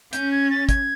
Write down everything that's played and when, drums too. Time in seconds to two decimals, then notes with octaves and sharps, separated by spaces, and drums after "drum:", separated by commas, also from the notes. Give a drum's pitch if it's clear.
0.13 C#4 G6, drum: hi-hat
0.31 G#6
0.50 A6
0.69 G#6, drum: kick, hi-hat